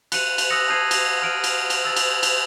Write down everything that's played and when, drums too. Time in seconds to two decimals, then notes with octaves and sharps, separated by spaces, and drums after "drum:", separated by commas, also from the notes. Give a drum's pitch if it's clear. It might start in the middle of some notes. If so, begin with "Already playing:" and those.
0.12 F#6 C#7 D#7, drum: cymbal
0.38 drum: cymbal
0.50 D#6 E6 F#6 A6 A#6 C#7
0.69 A5 D#6 G6 G#6 C7 D#7
0.91 drum: cymbal
1.22 F6 D7 D#7
1.44 drum: cymbal
1.70 drum: cymbal
1.84 E6 A6
1.96 drum: cymbal
2.23 drum: cymbal